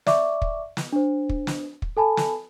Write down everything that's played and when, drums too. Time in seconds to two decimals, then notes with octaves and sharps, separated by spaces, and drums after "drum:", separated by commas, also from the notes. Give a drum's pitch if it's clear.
0.07 D5 E5 C#6 D6, drum: snare
0.42 drum: kick
0.77 drum: snare
0.92 D4 C5
1.29 drum: kick
1.47 drum: snare
1.82 drum: kick
1.97 A4 G#5 A5 B5
2.17 drum: snare